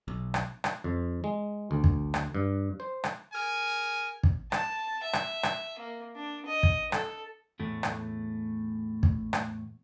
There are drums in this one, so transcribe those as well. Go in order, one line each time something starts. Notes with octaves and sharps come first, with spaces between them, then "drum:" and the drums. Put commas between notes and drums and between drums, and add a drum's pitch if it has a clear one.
B1
drum: rim click
drum: rim click
F2
G#3
D2
drum: kick
drum: rim click
G2
C5
drum: rim click
G#4 A#4 G#5
drum: kick
A5, drum: rim click
E5
drum: rim click
drum: rim click
A#3
D4
D#5
drum: kick
A4, drum: rim click
E2 A2 A3
drum: rim click
drum: kick
drum: rim click